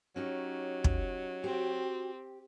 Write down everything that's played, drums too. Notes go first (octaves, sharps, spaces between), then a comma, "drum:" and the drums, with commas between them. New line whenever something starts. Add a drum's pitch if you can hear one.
F#3 C#4 D#4 G4
drum: kick
C4 F#4 G4